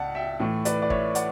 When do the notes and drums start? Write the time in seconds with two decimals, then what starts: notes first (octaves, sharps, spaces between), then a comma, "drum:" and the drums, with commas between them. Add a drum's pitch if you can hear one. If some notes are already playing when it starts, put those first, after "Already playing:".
Already playing: C#2 D5 F#5 A5
0.15 E5 G5
0.40 A2 E3 A3
0.65 B4 D5, drum: hi-hat
0.82 D5
0.90 C#5 E5, drum: kick
1.15 D5 F#5, drum: hi-hat